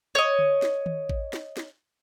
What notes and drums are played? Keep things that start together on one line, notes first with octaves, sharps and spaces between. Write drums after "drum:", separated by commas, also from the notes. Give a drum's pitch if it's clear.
C#5 D#5
drum: tom D3
drum: snare
drum: tom D#3
drum: kick A1
drum: snare
drum: snare